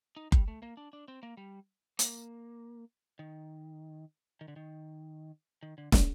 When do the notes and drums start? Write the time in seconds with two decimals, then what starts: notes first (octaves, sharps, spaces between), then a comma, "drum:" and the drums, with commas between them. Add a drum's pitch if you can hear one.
0.16 D#4
0.32 G3, drum: kick F#1
0.48 A3
0.62 A#3
0.77 D4
0.93 D4
1.08 C4
1.23 A#3
1.37 G3
1.99 A#3, drum: hi-hat
3.19 D#3
4.41 D#3
4.48 D3
4.56 D#3
5.63 D#3
5.78 D3
5.92 D#3, drum: snare